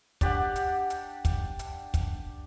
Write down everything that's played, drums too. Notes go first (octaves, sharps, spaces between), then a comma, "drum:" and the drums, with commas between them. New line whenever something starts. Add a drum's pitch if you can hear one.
D4 G4 F#5, drum: kick, hi-hat
drum: hi-hat
drum: hi-hat
drum: kick, hi-hat
drum: hi-hat
drum: kick, hi-hat